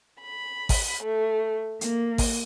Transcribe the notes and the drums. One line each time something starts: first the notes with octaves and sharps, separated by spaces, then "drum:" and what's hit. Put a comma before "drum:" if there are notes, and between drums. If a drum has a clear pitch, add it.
B5
drum: kick G#1, open hi-hat
A3
A#3, drum: hi-hat
drum: kick G#1, open hi-hat